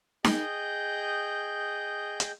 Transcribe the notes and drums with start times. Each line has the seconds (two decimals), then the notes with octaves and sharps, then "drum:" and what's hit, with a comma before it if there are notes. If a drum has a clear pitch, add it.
0.24 G#4 D#5 G5 G6, drum: snare D#4
2.20 drum: hi-hat